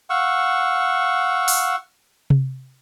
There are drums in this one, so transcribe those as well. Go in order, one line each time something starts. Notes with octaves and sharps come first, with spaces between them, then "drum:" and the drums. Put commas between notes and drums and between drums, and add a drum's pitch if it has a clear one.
F5 F#5 C#6 E6
drum: open hi-hat
drum: tom C3